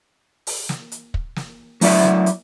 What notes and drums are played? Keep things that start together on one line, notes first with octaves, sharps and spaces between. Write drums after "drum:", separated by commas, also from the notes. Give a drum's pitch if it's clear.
drum: open hi-hat
drum: snare
drum: hi-hat
drum: kick
drum: snare
F#3 E4 D5 E5, drum: open hi-hat
drum: snare
drum: hi-hat